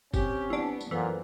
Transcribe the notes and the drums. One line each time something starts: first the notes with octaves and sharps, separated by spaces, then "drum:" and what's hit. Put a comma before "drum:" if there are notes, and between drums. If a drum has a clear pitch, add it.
C4 C#4 G4, drum: kick F#1, tambourine
E3 B3 D4
drum: tambourine
F#2 A#2 E3 B3 A4 B4 C5